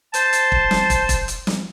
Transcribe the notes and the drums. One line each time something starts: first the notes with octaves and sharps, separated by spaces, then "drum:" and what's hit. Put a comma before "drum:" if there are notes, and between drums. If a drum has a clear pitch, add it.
C5 A5, drum: hi-hat
drum: hi-hat
drum: kick
drum: snare
drum: kick, hi-hat
drum: kick, hi-hat
drum: hi-hat
drum: snare